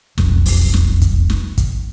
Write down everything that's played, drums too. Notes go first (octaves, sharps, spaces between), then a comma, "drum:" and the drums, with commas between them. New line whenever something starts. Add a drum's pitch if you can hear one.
E1 B1 F2, drum: snare
drum: open hi-hat
drum: snare
drum: kick, hi-hat
drum: snare
drum: kick, hi-hat